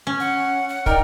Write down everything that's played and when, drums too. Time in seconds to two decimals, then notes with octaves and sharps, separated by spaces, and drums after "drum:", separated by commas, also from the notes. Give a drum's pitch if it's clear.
0.07 C#4
0.20 F#5
0.69 F#5
0.86 D#4 A#4 D5 G5, drum: kick